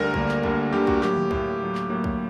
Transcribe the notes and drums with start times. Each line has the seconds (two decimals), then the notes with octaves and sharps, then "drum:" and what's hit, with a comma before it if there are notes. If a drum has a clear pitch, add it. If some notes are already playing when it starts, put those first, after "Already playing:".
Already playing: D2 D3 G3 A#4
0.14 D2 D3 G3 A#3, drum: kick
0.29 drum: clap
0.43 D2 D3 G3 A#3, drum: kick
0.72 D2 D3 G3 A#3 G4
0.87 F#4, drum: kick
1.02 A2 F#3 A#3 G4, drum: clap
1.16 drum: tom D3
1.31 A2 F#3 A#3, drum: kick
1.60 A2 F#3 A#3
1.75 drum: clap
1.90 A2 F#3 A#3
2.04 drum: kick